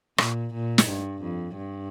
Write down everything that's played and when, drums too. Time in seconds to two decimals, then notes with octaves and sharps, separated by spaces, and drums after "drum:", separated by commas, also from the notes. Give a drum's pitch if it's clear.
0.18 A#2, drum: rim click
0.53 A#2
0.78 drum: snare
0.87 G2
1.22 F2
1.57 G2